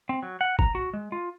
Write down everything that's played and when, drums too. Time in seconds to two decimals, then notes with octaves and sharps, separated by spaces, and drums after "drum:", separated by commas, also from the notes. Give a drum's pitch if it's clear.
0.09 C4
0.23 F#3
0.41 F#5
0.59 A#5, drum: kick
0.75 F#4
0.93 G#3
1.12 F4